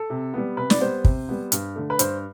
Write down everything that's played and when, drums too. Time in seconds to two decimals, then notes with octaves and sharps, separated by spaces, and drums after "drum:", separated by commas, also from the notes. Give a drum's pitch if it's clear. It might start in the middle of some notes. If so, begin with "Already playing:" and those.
Already playing: A4
0.10 C3
0.34 G3 B3
0.57 C3 B4
0.70 D5, drum: snare
0.81 G3 B3 C5
1.05 C3, drum: kick
1.29 G3 B3
1.52 G2, drum: hi-hat
1.76 D3 A3
1.90 B4
1.99 G2 C5, drum: hi-hat